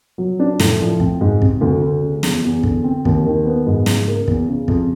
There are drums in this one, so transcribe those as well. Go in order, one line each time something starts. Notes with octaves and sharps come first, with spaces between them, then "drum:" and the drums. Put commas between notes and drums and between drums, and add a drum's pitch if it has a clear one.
F#3
D4
A2, drum: snare
F3
C4, drum: kick
G#2
C3, drum: kick
D2
D2
C#3
E2, drum: snare
E2
D3, drum: kick
C4
D#2, drum: kick
D#3
B3
G#2
C#3, drum: snare
A#3
E2, drum: kick
C#3
F2, drum: kick